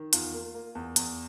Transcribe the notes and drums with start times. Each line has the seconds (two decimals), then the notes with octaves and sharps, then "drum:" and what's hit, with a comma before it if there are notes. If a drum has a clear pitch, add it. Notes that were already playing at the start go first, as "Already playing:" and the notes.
Already playing: D#3
0.13 E2 F4, drum: hi-hat
0.34 A#3
0.54 A#3
0.75 E2
0.96 E2, drum: hi-hat